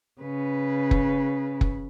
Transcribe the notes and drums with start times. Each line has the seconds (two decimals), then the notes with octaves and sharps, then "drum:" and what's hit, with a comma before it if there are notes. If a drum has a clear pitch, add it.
0.21 C#3 B4
0.91 drum: kick
1.61 drum: kick